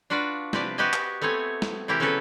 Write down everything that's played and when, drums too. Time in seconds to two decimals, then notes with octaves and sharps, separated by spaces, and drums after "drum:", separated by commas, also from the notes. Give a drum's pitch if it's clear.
0.10 D4 F4 F#4 B4 D5
0.53 C3 F3 B4 D5, drum: snare
0.78 F#4 G4 B4 D#5 G#5
0.93 drum: clap
1.22 A3 B3 C4 C#5 G#5
1.62 drum: snare
1.88 C3 E3 E4 G4 A#4
2.00 C#3 F#3 B3 G4 A4 B4